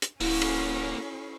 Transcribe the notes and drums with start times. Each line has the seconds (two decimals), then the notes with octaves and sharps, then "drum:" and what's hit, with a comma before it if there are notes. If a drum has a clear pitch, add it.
0.02 drum: hi-hat
0.20 D1 A#3 C#4 E4 F#4, drum: open hi-hat
0.42 drum: cymbal